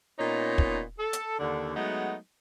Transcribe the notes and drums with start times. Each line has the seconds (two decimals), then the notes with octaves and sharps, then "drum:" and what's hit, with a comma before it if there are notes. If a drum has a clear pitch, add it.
0.19 A#2 B3 C#4 D#4
0.58 drum: kick
0.99 A4
1.13 drum: hi-hat
1.39 D#2 D3
1.76 F#3 G#3 A3 B3 D#4